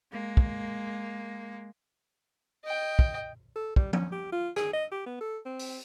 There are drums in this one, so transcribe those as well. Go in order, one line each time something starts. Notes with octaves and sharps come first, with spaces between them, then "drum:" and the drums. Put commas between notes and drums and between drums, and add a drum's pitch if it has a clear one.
G#3 A#3
drum: kick
D#5 G5
drum: kick
A4
G3, drum: kick
C#4, drum: tom F3
G4
F4
G#4, drum: rim click
D#5
G4
B3
A4
C4
drum: open hi-hat